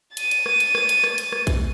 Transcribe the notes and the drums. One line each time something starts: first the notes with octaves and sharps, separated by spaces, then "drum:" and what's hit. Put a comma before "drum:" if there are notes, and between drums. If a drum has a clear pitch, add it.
A6 D#7, drum: hi-hat
drum: hi-hat
drum: rim click
drum: hi-hat
drum: rim click
drum: hi-hat
drum: rim click
drum: hi-hat
drum: rim click
drum: kick, hi-hat